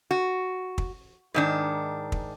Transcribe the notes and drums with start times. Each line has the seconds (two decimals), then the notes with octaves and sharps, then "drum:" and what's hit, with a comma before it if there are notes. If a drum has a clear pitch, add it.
0.11 F#4
0.78 drum: kick
1.34 G#2 D#3 D4
2.12 drum: kick